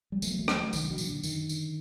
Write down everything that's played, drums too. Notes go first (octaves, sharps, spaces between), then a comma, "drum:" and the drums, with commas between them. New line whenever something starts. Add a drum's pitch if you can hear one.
G3
D#2 F#3 A3, drum: tambourine
A#3
F#3 A3
D3, drum: rim click
F#3 A3
C2 D#3, drum: tambourine
D3 F#3
A#2 D#3, drum: tambourine
D3
F#2 D#3, drum: tambourine
D3, drum: tambourine